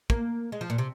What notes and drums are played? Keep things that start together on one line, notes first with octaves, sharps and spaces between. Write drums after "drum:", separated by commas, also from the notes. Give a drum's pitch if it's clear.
A#3, drum: kick
G#3
F3
A#2
C3